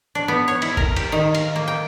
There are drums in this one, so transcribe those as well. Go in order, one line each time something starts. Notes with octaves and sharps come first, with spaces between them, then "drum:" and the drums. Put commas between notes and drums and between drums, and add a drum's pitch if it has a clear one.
D4
B3
C#5
E4, drum: cymbal
A#4, drum: kick
G4, drum: cymbal
D#3
F5, drum: cymbal
A#3
G5